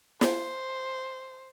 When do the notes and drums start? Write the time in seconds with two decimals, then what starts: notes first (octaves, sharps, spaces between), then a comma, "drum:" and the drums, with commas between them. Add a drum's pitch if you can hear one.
0.21 C5, drum: snare